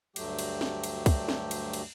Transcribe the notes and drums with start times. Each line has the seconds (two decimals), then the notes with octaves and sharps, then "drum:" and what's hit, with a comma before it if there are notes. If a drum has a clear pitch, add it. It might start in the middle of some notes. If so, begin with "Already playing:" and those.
0.16 D2 G2 F#3 A3 G4 G5, drum: cymbal
0.39 drum: cymbal
0.61 drum: snare
0.84 drum: cymbal
1.06 drum: kick, cymbal
1.29 drum: snare
1.51 drum: cymbal
1.73 drum: cymbal